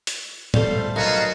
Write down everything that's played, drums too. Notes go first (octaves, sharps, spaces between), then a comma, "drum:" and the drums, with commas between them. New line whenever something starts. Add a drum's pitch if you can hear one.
drum: hi-hat
G3 A3 A4 C5 F5, drum: tom A2
B1 C#4 F4 F#4 A#4 D#5 F5